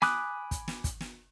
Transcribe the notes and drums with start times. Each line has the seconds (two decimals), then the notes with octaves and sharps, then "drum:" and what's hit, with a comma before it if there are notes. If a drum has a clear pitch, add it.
0.02 G#5 B5 D6 D#6 F#6, drum: snare
0.51 drum: kick, hi-hat
0.68 drum: snare
0.84 drum: kick, hi-hat
1.00 drum: snare